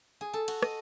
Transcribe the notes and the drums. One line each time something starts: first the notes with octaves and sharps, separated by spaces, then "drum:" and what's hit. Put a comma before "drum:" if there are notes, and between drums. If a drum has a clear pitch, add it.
G#4
A4
F#4, drum: cymbal
D#5, drum: rim click